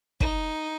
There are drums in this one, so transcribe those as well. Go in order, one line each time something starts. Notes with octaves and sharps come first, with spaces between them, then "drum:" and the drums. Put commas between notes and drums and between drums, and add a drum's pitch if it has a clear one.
D#4, drum: kick